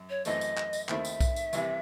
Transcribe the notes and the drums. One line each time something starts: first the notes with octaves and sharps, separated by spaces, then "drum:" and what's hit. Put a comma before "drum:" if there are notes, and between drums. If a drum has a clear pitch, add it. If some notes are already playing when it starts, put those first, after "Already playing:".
Already playing: F#2
C#5
F#2 E3 A3 C4 D#5, drum: tambourine
drum: tambourine
drum: clap
drum: tambourine
D#2 D#3 A3 C4 E4 E5, drum: clap
drum: tambourine
drum: kick B1, tambourine
drum: tambourine
C2 C3 E3, drum: tambourine